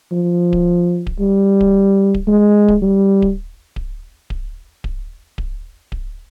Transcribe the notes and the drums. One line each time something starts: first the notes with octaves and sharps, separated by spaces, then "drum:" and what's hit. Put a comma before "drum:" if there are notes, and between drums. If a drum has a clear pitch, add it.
F3
drum: kick D1
drum: kick D1
G3
drum: kick D1
drum: kick D1
G#3
drum: kick D1
G3
drum: kick D1
drum: kick D1
drum: kick D1
drum: kick D1
drum: kick D1
drum: kick D1